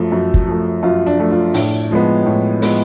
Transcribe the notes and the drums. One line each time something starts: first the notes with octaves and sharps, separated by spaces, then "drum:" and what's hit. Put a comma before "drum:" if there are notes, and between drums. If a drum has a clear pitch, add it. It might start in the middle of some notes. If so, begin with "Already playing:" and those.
Already playing: F#2 F3 A3
F#2
drum: kick
F3 A3
F#2 F4
D4
F3 A3
F4
A2 D4, drum: open hi-hat
F3 G#3 B3
A2
F3 G#3 B3, drum: open hi-hat